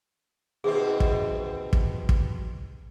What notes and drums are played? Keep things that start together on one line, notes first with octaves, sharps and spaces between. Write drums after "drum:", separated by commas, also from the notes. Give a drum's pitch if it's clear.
D#2 B2 C4 G#4
drum: kick
drum: kick
drum: kick